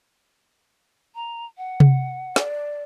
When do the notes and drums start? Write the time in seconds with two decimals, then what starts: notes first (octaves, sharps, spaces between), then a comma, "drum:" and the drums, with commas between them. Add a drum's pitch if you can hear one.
1.15 A#5
1.58 F#5
1.80 drum: tom C3
2.36 D5, drum: snare